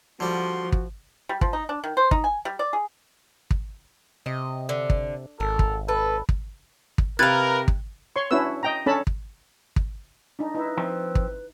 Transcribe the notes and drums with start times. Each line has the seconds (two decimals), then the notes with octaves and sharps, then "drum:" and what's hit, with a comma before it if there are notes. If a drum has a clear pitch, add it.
0.20 D3 F3 G3 F#4 C6
0.72 drum: kick
1.29 G3
1.41 F3, drum: kick
1.53 D#4
1.69 D4
1.84 D#3
1.97 C5
2.11 D#4, drum: kick
2.24 G#5
2.45 G3
2.59 D5
2.73 G#4
3.51 drum: kick
4.26 C3 D#5
4.69 D3
4.90 drum: kick
5.40 G#1 A4 A#4
5.59 drum: kick
5.88 A4 B4
6.29 drum: kick
6.98 drum: kick
7.19 C3 A#4 B4 F5 F#6 G#6 A6
7.68 drum: kick
8.16 C#5 C6 C#6
8.31 C#4 D4 E4 F#4 B4 E6
8.63 D#5 G5 A#5
8.86 C#4 D4 A4 C#5 A5 B5
9.07 drum: kick
9.76 drum: kick
10.39 D4 D#4
10.55 D#4 E4 B4 E5
10.77 F3 C4
11.15 drum: kick